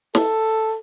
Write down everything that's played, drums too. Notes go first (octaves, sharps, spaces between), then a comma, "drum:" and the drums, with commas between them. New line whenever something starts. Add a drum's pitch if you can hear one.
A4, drum: snare